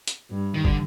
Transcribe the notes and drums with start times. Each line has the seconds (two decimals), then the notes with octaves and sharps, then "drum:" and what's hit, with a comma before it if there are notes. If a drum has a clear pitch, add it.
0.07 drum: hi-hat
0.31 G2
0.54 D#3
0.65 D3, drum: kick